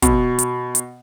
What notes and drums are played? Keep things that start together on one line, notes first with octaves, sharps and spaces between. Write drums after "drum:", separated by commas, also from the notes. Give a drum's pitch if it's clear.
B2, drum: kick, hi-hat
drum: hi-hat
drum: hi-hat